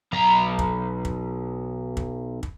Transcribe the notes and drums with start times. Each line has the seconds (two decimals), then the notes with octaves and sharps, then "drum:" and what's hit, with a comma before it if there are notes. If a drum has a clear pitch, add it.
0.13 B1 A#5
0.59 drum: kick
1.05 drum: kick
1.97 drum: kick
2.43 drum: kick